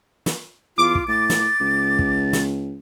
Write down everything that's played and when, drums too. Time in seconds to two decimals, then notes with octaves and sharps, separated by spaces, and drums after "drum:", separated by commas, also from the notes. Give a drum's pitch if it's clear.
0.26 drum: snare
0.78 E2 F4 D6
0.95 drum: kick
1.08 A2 A6
1.30 drum: snare
1.60 C#2
1.99 drum: kick
2.33 drum: snare